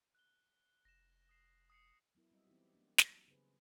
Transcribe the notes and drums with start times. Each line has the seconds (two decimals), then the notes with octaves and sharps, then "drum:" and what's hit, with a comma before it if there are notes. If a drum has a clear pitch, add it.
0.15 F#6 G7
0.85 F1 A#6 E7
1.29 D#6 C7 E7
1.70 D#6 C7 C#7
2.15 F#3 B3 E4 A#4
2.31 G3 C4 F#4 D#5 E5
2.47 E3 B3 C4 D#4 E4 G4
2.74 A#3 C4 D4
2.98 F#3, drum: snare
3.28 C#3 B3 G#4 B4 C5